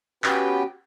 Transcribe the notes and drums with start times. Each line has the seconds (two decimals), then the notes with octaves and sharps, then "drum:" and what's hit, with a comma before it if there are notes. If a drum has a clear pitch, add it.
0.24 B3 C#4 F#4 G4 B4 G5, drum: clap